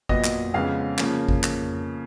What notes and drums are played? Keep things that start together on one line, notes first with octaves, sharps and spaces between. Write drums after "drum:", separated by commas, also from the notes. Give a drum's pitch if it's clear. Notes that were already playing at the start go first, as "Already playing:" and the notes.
A#2 F#3 B3 D#5, drum: kick G#1
drum: clap
F2 C#3 G#3 B3 F5
C#3 F3 A#3, drum: clap
drum: kick G#1
drum: clap